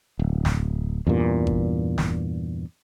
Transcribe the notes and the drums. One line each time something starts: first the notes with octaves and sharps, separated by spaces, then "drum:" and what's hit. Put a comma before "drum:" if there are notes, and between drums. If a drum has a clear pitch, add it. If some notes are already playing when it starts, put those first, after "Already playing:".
D1
drum: snare
E2 G2 A#2
drum: kick G#1
drum: snare